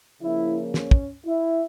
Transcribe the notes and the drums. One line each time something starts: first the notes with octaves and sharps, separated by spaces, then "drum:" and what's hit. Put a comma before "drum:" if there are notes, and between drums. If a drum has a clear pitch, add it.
C#3 F3 A#3 E4
C#4, drum: snare
drum: kick
E4